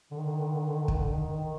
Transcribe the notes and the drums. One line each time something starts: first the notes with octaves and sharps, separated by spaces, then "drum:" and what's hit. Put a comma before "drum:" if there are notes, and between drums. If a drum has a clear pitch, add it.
D3
D#3
D3
D#3
D3
D#3
D3
D#3
D3
D#3
D3
D#3, drum: kick
D3
D#3
D#3